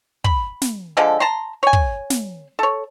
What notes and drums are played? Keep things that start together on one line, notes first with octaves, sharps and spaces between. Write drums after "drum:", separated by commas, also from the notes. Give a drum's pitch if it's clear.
B5, drum: kick
drum: snare
D3 F3 G#3 A4
A5 A#5 C6
C#5 G#5
drum: kick
drum: snare
A4 C#5